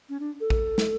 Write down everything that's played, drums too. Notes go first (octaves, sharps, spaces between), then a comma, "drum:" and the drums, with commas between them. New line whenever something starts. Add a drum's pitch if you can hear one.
C#4
D4
A4
drum: kick
drum: snare